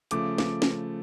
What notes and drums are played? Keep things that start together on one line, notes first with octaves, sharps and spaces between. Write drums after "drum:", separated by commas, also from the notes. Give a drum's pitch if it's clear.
C#3 F3 A3 D6, drum: hi-hat
D6, drum: snare
drum: snare